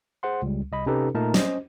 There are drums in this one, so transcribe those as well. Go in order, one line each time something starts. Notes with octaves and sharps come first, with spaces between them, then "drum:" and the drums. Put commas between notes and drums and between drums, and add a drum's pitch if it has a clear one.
G#4 C5 F#5 C6
C#2 G3
C2 D#5 B5
C3 C#4 D#4 G4 A4 B4
A#2 A3 D#4 A#4 E5 A5
C#4 C5 D#5, drum: snare